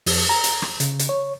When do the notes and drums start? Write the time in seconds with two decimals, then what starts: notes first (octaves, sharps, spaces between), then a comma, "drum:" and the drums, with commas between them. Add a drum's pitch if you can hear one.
0.06 F2, drum: open hi-hat
0.29 A#5
0.44 drum: hi-hat
0.62 drum: rim click
0.80 C#3, drum: hi-hat
0.99 drum: hi-hat
1.09 C#5